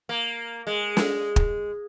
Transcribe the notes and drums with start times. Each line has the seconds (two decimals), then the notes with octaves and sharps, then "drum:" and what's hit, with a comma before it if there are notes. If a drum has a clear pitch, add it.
0.09 A#3
0.67 G#3
0.97 drum: snare
1.36 drum: kick